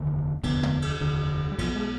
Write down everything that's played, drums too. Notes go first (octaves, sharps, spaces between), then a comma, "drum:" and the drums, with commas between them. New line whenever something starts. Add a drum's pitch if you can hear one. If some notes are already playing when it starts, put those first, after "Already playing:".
Already playing: F1 D#2 D3
F1 D#2 D3 B3, drum: kick, cymbal
drum: tom
drum: cymbal
F1 D#2 D3
G3
B1 B2 F3, drum: kick, cymbal
G#3